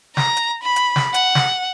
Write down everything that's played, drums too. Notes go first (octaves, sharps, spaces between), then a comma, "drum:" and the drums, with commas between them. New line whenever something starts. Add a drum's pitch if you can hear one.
A#5, drum: snare
drum: hi-hat
B5
drum: hi-hat
drum: snare
F#5, drum: hi-hat
drum: snare